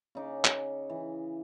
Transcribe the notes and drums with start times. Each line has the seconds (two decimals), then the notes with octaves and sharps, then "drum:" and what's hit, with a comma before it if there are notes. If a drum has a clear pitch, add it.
0.15 C#3 D#4 D6
0.45 drum: clap
0.89 E3